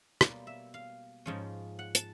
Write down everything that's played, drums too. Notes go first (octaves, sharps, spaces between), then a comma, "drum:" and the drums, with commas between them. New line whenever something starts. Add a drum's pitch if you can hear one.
B2 G3 A#3 D5, drum: rim click
E5
F5
G#2 F3 G#3 C#4
F#5
A5, drum: hi-hat